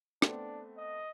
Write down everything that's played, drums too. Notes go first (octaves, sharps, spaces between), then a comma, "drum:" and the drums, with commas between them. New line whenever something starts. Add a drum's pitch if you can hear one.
A3 B3 C4 D4, drum: rim click
D#5